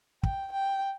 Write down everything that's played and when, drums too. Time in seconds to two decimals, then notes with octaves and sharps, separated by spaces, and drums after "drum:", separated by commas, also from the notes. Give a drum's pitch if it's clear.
0.23 G5, drum: kick
0.52 G5